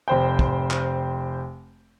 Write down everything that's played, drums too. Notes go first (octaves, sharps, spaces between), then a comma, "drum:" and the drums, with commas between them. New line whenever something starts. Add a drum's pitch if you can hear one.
F1 C5 G5
drum: kick
drum: clap